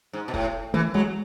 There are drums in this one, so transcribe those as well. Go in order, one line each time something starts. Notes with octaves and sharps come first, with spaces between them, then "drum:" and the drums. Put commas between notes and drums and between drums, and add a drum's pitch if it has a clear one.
G#2
B2
A2, drum: kick
E3 A3
F#3 G#3